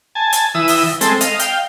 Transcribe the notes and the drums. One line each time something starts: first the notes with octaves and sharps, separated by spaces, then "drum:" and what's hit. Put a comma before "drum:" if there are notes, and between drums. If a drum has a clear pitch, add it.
G#5 A5
drum: hi-hat
E3 D#6 E6
drum: open hi-hat
G#3 C4 A4, drum: hi-hat
D#5 F5, drum: hi-hat
F5 G5, drum: hi-hat